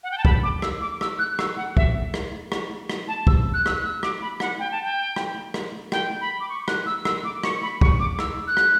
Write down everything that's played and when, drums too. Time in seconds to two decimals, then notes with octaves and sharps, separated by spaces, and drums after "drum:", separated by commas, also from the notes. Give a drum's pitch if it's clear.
0.03 F#5
0.11 G5
0.18 A5
0.25 B5, drum: kick
0.43 D6
0.62 E6, drum: rim click
0.81 D6
1.01 E6, drum: rim click
1.19 F#6
1.39 E6, drum: rim click
1.57 F#5
1.77 E5, drum: kick
2.14 drum: rim click
2.52 drum: rim click
2.90 drum: rim click
3.08 A5
3.27 E6, drum: kick
3.54 F#6
3.66 E6, drum: rim click
3.76 F#6
3.84 E6
4.03 D6, drum: rim click
4.22 B5
4.40 F#5, drum: rim click
4.59 G5
4.72 A5
4.82 G5
5.16 drum: rim click
5.54 drum: rim click
5.92 G5, drum: rim click
6.21 B5
6.40 D6
6.49 C#6
6.68 F#6, drum: rim click
6.86 E6
7.05 E6, drum: rim click
7.24 D6
7.44 C#6, drum: rim click
7.57 C#6
7.62 B5
7.81 C#6, drum: kick
8.00 D6
8.19 E6, drum: rim click
8.47 F#6
8.57 drum: rim click